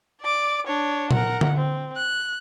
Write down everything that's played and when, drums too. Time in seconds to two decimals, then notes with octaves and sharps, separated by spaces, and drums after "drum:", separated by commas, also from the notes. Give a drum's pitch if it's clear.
0.22 D5 D6
0.67 D4 C#5
1.11 A#4 F#5, drum: tom A#2
1.41 drum: tom D3
1.56 C4
1.96 F#6